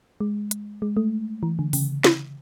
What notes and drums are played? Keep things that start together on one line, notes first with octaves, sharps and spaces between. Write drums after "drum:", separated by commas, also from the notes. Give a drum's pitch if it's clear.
G#3
drum: hi-hat
G#3
A3
E3
D3
C#3, drum: open hi-hat
drum: snare